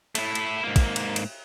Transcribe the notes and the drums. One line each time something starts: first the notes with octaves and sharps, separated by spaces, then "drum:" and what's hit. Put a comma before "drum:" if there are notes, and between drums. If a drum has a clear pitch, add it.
A3 E4, drum: cymbal
drum: cymbal
G#2 A#3
drum: kick, cymbal
drum: cymbal
drum: cymbal